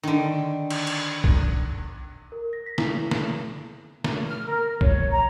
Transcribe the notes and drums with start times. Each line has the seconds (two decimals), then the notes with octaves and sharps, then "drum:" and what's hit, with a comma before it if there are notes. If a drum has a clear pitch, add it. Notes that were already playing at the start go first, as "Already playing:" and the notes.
0.03 D3 D#3
0.70 drum: cymbal
0.87 drum: cymbal
1.24 drum: kick
2.32 A#4
2.53 A#6
2.66 B6
2.78 E4, drum: snare
3.11 drum: snare
4.04 drum: snare
4.27 F6
4.45 A#4
4.81 C#5, drum: kick
5.10 A#5